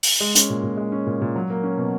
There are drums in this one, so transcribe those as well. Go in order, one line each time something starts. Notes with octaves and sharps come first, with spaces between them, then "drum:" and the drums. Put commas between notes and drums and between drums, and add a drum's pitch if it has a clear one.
drum: open hi-hat
G#3
C#4, drum: hi-hat
A#2
A#2
G#3
C#4
A#2
A#2
F#3
A#3
C#4
B2